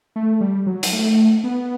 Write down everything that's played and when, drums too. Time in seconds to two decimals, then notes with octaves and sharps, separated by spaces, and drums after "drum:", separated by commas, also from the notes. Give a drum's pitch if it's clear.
0.16 A3
0.41 G3
0.67 F#3
0.83 drum: hi-hat
0.93 A3
1.44 B3